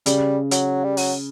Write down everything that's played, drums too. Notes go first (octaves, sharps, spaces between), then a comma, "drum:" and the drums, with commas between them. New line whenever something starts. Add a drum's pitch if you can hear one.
C#3 G3, drum: hi-hat
F#3, drum: hi-hat
G3
F#3, drum: open hi-hat